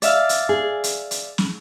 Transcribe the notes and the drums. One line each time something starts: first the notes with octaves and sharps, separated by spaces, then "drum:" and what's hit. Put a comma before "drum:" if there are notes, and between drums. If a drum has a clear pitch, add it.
D5 E5 F5, drum: hi-hat
drum: hi-hat
G#4
drum: hi-hat
drum: hi-hat
drum: snare